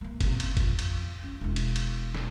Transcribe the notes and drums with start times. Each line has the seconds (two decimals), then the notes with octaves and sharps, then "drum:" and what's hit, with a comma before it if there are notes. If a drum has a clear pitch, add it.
0.01 E3 A#3
0.21 F#1 C3, drum: kick G1, cymbal
0.40 drum: cymbal
0.57 F2 F3, drum: kick G1, cymbal
0.79 drum: cymbal
1.23 C#4
1.41 E1 E4
1.56 drum: cymbal
1.76 drum: cymbal
2.15 drum: snare